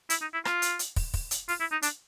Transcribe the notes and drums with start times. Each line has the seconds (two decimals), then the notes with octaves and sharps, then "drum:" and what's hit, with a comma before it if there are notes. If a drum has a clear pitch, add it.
0.10 E4, drum: hi-hat
0.21 D#4
0.33 E4
0.45 F4, drum: rim click
0.62 drum: hi-hat
0.79 drum: hi-hat
0.96 drum: kick, open hi-hat
1.14 drum: kick, open hi-hat
1.31 drum: hi-hat
1.49 F4, drum: open hi-hat
1.60 E4
1.72 D#4
1.82 D4, drum: hi-hat